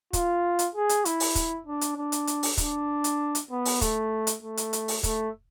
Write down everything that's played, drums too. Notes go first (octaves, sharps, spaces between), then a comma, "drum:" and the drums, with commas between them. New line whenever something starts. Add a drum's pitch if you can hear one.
F4, drum: kick, hi-hat
drum: hi-hat
G#4
drum: hi-hat
E4, drum: hi-hat
drum: open hi-hat
drum: kick, hi-hat
D4
drum: hi-hat
D4
drum: hi-hat
drum: hi-hat
drum: open hi-hat
D4, drum: kick, hi-hat
drum: hi-hat
drum: hi-hat
B3
drum: open hi-hat
A3, drum: kick, hi-hat
drum: hi-hat
A3
drum: hi-hat
drum: hi-hat
drum: open hi-hat
A3, drum: kick, hi-hat